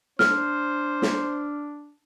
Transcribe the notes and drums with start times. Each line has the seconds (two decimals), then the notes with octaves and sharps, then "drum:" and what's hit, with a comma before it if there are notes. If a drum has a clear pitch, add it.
0.19 D4 C5 F6, drum: snare
1.02 drum: snare